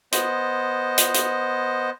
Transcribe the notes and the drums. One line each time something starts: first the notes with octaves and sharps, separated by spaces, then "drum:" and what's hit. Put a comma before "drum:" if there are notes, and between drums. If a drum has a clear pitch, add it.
B3 C5 D#5, drum: hi-hat
drum: hi-hat
drum: hi-hat